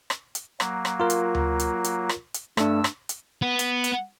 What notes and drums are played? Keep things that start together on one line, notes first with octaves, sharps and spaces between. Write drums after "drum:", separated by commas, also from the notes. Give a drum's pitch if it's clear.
drum: rim click
drum: hi-hat
F#3 A#3, drum: rim click
drum: rim click
F4 A#4
drum: hi-hat
drum: tom D2
drum: hi-hat
drum: hi-hat
drum: rim click
drum: hi-hat
G2 A3 D4 E6, drum: rim click
drum: rim click
drum: hi-hat
B3
drum: hi-hat
drum: hi-hat